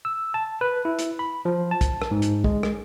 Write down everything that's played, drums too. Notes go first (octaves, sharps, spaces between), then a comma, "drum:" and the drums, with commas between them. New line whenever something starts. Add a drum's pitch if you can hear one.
E6
A5
B4
E4
drum: hi-hat
B5
F3
A5
drum: kick, hi-hat
drum: rim click
G#2
drum: hi-hat
G#3, drum: kick
drum: rim click